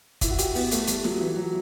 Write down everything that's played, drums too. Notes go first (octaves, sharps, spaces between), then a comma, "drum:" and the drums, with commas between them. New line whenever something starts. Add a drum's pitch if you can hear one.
E4, drum: kick, hi-hat
F#4
G4, drum: hi-hat
B3, drum: open hi-hat
A3, drum: hi-hat
G3, drum: hi-hat
F#3, drum: snare
E3
F#3